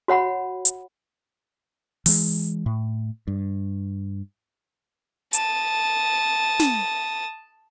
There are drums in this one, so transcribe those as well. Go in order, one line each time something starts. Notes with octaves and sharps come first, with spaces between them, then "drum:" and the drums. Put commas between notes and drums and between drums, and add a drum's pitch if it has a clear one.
F#4 C#5 F#5 B5
drum: hi-hat
E3 G#3, drum: open hi-hat
A2
G2
A5 D#6, drum: hi-hat
drum: snare